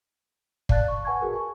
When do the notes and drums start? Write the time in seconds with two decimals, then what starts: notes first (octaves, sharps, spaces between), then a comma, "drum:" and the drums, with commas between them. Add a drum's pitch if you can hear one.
0.69 D5 F5 A5 F#6 A6, drum: kick
0.88 C#6
1.05 B4 F#5 G#5 A5 C#6 G#6
1.21 F#4 G#4 A#4
1.33 G#5 A5 C#6